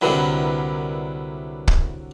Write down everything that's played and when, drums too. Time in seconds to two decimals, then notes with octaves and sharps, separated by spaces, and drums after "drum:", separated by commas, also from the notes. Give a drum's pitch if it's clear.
0.02 C2 D3 F#3 E4 A#4 B4
1.68 drum: kick